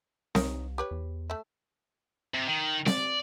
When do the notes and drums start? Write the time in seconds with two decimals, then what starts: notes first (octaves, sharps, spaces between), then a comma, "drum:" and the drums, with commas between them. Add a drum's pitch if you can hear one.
0.35 C2 D#4 A#4 C#5, drum: snare C4
0.78 G4 B4 C#5
0.91 E2
1.30 A3 E5
2.34 C3
2.47 D#3
2.86 D5, drum: snare C4